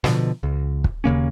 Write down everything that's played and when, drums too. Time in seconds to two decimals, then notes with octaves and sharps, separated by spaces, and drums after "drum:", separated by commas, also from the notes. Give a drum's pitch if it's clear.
0.04 B2 D3 F3, drum: snare
0.43 C#2
0.84 drum: kick
1.04 D#2 C#3 A#3 C#4